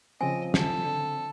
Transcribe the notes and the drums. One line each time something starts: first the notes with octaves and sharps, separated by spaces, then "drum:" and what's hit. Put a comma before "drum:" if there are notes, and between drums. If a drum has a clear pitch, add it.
C#3 F3 C4 D#5 G#5
A4, drum: snare
D3